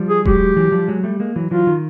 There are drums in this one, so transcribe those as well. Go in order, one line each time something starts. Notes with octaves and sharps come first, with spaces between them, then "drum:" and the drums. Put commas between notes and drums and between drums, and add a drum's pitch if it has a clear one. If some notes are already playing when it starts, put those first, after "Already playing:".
Already playing: F3 G3
G#4
F#3 G#3 G4, drum: kick D#1
E3 F#3
F3 G3
F#3 G#3
G3 A3
G#3 A#3
E3 F#3
E3 F#3 F4
D#3